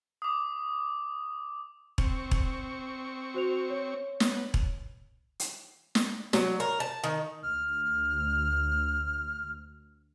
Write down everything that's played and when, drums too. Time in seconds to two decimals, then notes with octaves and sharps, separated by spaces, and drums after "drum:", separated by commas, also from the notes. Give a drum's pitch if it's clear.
0.22 D6 D#6
1.98 C4 C#6, drum: kick E1
2.31 drum: kick E1
3.34 F#4 C5 F7
3.70 C#5
4.20 B3, drum: snare
4.54 drum: kick E1
5.40 drum: hi-hat
5.95 drum: snare
6.33 F#3, drum: snare
6.60 A#4
6.80 A5
7.04 D#3
7.43 D2 F6